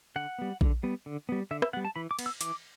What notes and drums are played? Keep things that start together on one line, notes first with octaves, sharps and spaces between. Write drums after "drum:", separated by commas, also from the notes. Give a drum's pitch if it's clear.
D3 F#5
G3 B3
D3, drum: kick A#1
G3 B3
D3
G3 B3
D3 E5
E5, drum: rim click
G3 B3 F#5
A5
E3 B5
D6
B3, drum: cymbal
E6
E3 D6, drum: hi-hat